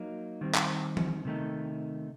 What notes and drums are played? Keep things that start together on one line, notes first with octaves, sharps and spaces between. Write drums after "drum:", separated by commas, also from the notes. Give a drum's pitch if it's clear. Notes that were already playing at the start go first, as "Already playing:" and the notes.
Already playing: F#3 A#3 D#4
D#3 G3 C4
drum: clap
drum: tom E3
C3 D#3 A3 D#4